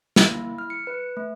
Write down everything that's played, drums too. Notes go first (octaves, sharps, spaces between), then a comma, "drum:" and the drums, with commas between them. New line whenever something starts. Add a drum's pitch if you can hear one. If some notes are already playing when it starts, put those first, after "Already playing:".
A#3, drum: snare
E4
F6
C#7
B4
A3